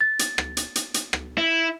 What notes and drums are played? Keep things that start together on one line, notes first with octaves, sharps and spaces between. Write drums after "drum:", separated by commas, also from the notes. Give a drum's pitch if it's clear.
A6
drum: hi-hat
drum: rim click
drum: hi-hat
drum: hi-hat
drum: hi-hat
drum: rim click
E4